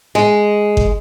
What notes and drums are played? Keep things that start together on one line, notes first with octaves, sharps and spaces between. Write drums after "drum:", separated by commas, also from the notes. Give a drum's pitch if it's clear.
G#3
drum: kick G1